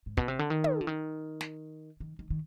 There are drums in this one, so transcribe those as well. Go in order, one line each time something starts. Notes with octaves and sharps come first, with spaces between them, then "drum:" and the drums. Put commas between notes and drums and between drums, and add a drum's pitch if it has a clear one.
G#2
B2, drum: kick
C3
D3
D#3
drum: tom
D3
D#3
drum: snare
D#3
D#3
D#3